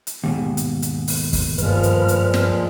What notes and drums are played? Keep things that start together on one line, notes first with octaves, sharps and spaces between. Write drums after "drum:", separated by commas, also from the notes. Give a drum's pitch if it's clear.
drum: hi-hat
D#2 G#2 B2
drum: hi-hat
drum: hi-hat
drum: open hi-hat
drum: kick, open hi-hat
G2 A#2 F3 G#3 B4 F6, drum: hi-hat
drum: hi-hat
drum: hi-hat
drum: snare